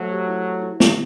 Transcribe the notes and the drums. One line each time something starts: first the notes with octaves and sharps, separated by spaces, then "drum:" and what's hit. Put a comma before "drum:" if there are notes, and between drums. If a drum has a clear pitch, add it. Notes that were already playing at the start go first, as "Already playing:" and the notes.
Already playing: F#3 A3 C5 F#5
G4
E4
E4
E4
E4, drum: snare